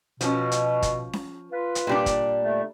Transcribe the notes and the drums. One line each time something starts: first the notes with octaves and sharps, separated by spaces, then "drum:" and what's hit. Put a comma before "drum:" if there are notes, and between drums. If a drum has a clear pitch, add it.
B2 F3 C#4, drum: hi-hat
drum: hi-hat
drum: kick, hi-hat
drum: snare C#4
F4 B4
drum: hi-hat
A#2 G3 D4
drum: kick, hi-hat
A3